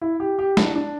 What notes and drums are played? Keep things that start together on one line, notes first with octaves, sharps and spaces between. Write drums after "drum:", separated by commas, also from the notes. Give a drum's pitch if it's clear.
E4
G4
G4
D4, drum: snare
D4